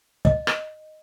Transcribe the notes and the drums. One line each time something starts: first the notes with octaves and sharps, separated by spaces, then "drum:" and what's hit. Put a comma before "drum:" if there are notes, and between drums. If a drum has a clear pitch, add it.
D#5, drum: kick
drum: rim click